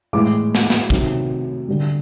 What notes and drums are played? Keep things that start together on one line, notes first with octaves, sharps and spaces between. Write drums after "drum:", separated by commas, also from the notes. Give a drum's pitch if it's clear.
A2 E3 G#3 D6
drum: snare
drum: snare
C3 D#3 F#3, drum: kick
D3 G3